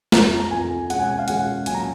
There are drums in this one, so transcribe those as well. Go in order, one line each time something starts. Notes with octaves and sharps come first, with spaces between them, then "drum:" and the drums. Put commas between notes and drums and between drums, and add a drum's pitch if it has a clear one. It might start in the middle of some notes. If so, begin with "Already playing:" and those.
F2 F3 B3 A#5, drum: snare
A#5
F2 F3 B3 G#5
B2 G#3 C#4 F#5, drum: hi-hat
G#5
G#5
F5
B2 G#3 C#4 F#5, drum: hi-hat
A#2 F#3 C#4 G#5, drum: hi-hat
A#5